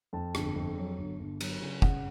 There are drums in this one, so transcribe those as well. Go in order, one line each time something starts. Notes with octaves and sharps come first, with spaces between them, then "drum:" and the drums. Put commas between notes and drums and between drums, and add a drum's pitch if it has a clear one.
F2 A5
G1, drum: rim click
F2
F#3
G1
G1
F#3, drum: cymbal
C#3
C#3 F#5, drum: kick